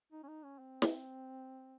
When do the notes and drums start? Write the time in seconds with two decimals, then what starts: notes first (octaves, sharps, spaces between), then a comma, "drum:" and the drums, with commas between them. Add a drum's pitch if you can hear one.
0.13 D#4
0.23 C#4
0.28 D#4
0.44 C#4
0.59 C4
0.82 drum: snare